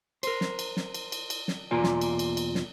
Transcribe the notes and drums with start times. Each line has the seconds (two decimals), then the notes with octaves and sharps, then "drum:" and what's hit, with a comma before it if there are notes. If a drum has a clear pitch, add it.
0.23 A#4 C5, drum: cymbal
0.41 drum: snare
0.59 drum: cymbal
0.77 drum: snare
0.94 drum: cymbal
1.12 drum: cymbal
1.30 drum: cymbal
1.48 drum: snare
1.71 E2 B2 A#3 F4 D5 G#5
1.84 drum: snare
2.01 drum: cymbal
2.19 drum: cymbal
2.37 drum: cymbal
2.55 drum: snare